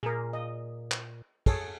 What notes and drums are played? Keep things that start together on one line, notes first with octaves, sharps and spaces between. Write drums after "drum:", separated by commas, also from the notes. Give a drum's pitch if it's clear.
A#2 G#4 A#4
D#5
drum: clap
G#4 A4 C#5, drum: kick, cymbal